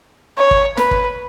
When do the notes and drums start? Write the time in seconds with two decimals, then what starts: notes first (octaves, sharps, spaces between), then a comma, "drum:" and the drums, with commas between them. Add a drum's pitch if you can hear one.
0.38 C#5
0.51 drum: kick
0.77 B4, drum: snare
0.91 drum: kick